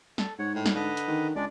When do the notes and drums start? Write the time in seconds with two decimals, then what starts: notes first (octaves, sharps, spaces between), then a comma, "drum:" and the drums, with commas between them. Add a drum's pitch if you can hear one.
0.18 A4, drum: snare
0.39 G#2 C#5 F#5
0.55 A2 D#4
0.66 drum: snare
0.75 D3 B4 D#5
0.97 drum: hi-hat
1.08 D#3
1.36 C#2 G#3 D4 D5